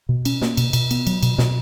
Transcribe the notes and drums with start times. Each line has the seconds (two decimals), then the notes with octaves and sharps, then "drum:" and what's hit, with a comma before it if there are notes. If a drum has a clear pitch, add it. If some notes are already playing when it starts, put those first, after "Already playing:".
0.09 B2
0.25 C#4, drum: cymbal
0.41 A#3, drum: snare
0.57 B2, drum: cymbal
0.73 B2, drum: cymbal
0.91 B3, drum: cymbal
1.07 F#3, drum: cymbal
1.23 B2, drum: cymbal
1.38 B2, drum: snare